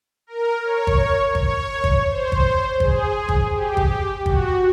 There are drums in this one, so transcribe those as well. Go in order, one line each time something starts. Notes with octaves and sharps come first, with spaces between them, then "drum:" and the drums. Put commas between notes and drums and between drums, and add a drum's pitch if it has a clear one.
A#4
C#5
drum: kick
C#5, drum: kick
drum: kick
C5
drum: kick
G#4, drum: kick
drum: kick
G4
drum: kick
F#4, drum: kick